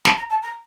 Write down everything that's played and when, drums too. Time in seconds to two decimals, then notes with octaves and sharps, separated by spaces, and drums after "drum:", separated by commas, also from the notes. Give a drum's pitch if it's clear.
0.05 A5, drum: snare
0.17 A#5
0.30 A5
0.43 A#5